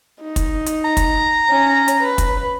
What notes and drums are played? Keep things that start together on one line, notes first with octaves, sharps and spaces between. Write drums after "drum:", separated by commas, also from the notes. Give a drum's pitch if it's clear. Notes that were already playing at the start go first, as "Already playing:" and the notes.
D#4
drum: kick, hi-hat
drum: hi-hat
A#5
drum: kick, hi-hat
C#4
drum: hi-hat
B4
drum: kick, hi-hat